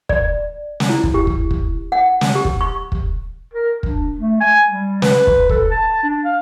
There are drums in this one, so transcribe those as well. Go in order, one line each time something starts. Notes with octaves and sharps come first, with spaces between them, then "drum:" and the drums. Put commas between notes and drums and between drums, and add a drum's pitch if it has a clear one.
D5, drum: kick
drum: snare
E4
drum: kick
G4
drum: kick
drum: kick
F#5
drum: snare
G4
drum: kick
C#6
drum: kick
A#4
D4, drum: kick
A3
G#5
G3
B4, drum: snare
drum: kick
A4, drum: kick
A5
D4
F5